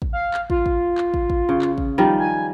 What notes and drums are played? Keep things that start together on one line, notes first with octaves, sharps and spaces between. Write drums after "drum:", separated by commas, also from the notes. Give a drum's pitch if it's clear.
drum: kick
F5
drum: clap
F4, drum: kick
drum: kick
drum: clap
drum: kick
drum: kick
C#3
drum: clap
drum: kick
D#3 F3 G3
G#5